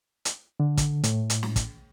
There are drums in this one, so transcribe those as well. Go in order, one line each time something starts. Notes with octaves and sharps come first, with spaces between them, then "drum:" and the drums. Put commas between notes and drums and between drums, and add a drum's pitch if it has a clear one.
drum: hi-hat
D3
drum: kick, hi-hat
A2, drum: hi-hat
drum: hi-hat
drum: snare
drum: kick, hi-hat